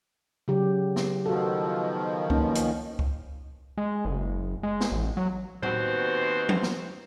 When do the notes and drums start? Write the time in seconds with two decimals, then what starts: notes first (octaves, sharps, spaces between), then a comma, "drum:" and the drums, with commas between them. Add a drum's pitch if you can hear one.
0.48 C#3 F#3 G4
0.96 drum: snare
1.26 B2 D#3 F3 F#4 A4
2.30 A#3 C#4 D#4, drum: kick C#2
2.55 drum: hi-hat
2.99 drum: kick C#2
3.77 G#3
4.05 F#1
4.63 G#3
4.81 drum: snare
4.92 A1
5.17 F#3
5.63 D#2 B2 B3 C4 F#4 C5, drum: tom A2
6.49 drum: tom F3
6.63 drum: snare